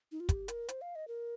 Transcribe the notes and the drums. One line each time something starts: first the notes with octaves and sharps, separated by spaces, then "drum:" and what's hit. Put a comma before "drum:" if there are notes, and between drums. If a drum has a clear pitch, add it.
D#4
F4
G4, drum: kick, hi-hat
A#4, drum: hi-hat
C5, drum: hi-hat
F5
D#5
A#4